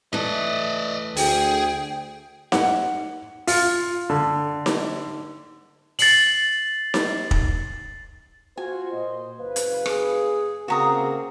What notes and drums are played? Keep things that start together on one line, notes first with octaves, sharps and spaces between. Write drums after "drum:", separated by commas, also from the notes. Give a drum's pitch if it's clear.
E3 A3 D5 D#5
D2 G#4 G5, drum: open hi-hat
F#5, drum: snare D#4
F4, drum: open hi-hat
D3
drum: snare D#4
A6 C7 F#7, drum: open hi-hat
drum: snare D#4
drum: kick
F4 F#4 C5 G#5
A#2 D#5
F#1 B4 F5
drum: hi-hat
G#4, drum: rim click
C#3 A#3 C4 F#4 G#4 A#5 D#6